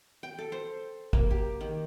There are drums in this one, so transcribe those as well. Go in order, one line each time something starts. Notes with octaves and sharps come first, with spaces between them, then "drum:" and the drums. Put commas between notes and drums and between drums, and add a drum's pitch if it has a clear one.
G5
A4
C5
A#3, drum: kick
G4
D#3